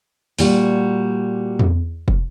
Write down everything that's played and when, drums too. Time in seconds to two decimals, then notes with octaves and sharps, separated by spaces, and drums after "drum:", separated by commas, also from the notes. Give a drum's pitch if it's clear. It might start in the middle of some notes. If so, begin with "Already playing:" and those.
0.39 A#2 G3 F#4, drum: open hi-hat
1.59 drum: tom E2
2.08 drum: kick